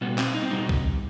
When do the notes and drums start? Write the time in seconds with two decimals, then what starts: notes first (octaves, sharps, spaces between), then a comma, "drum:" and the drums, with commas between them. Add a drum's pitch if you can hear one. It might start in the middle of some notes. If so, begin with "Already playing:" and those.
0.01 B2 G3 B3
0.18 C4, drum: clap
0.34 D#4
0.43 C4
0.51 B2 G3 D#4
0.69 drum: kick